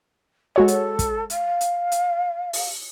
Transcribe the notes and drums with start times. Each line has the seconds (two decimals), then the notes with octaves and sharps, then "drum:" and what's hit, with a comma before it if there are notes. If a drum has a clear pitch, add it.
0.56 G#3 F#4 A4 C#5
0.68 drum: hi-hat
0.99 drum: kick, hi-hat
1.30 F5, drum: hi-hat
1.61 drum: hi-hat
1.92 drum: hi-hat
2.53 drum: open hi-hat